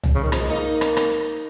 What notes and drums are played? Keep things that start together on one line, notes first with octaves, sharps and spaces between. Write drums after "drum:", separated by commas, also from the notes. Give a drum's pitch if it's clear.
drum: tom
C#3
D#3
F3, drum: rim click
G#3
A#3 D#4
drum: rim click
drum: rim click